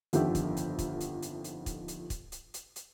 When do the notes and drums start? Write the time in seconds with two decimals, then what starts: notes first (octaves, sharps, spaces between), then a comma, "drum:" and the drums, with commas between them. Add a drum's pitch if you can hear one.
0.13 G1 F2 D3 D#3 G4 E5, drum: hi-hat
0.35 drum: kick, hi-hat
0.57 drum: hi-hat
0.79 drum: kick, hi-hat
1.01 drum: hi-hat
1.22 drum: hi-hat
1.44 drum: hi-hat
1.66 drum: kick, hi-hat
1.88 drum: hi-hat
2.10 drum: kick, hi-hat
2.32 drum: hi-hat
2.54 drum: hi-hat
2.76 drum: hi-hat